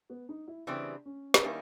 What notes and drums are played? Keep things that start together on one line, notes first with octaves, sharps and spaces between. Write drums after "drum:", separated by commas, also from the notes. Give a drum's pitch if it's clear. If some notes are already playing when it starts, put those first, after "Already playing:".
B3
D#4
E4
C#3 E3 G3 C4 D4
C#4
drum: snare
D#3 G3 A#3 C#4 D#4 E4